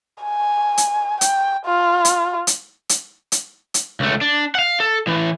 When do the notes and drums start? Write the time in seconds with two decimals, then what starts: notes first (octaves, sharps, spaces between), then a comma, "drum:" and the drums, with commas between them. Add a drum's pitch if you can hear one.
0.23 G#5
0.77 drum: hi-hat
1.21 G5, drum: hi-hat
1.65 F4
2.05 drum: hi-hat
2.47 drum: hi-hat
2.89 drum: hi-hat
3.32 drum: hi-hat
3.74 drum: hi-hat
4.00 C#2 A3
4.21 D4
4.55 F5 F#5
4.80 A4
5.07 A2 E3